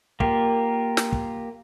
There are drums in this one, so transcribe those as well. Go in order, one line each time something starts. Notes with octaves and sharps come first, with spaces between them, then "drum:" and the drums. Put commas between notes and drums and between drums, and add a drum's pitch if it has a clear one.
A#3 F4 G4, drum: kick
drum: snare
drum: kick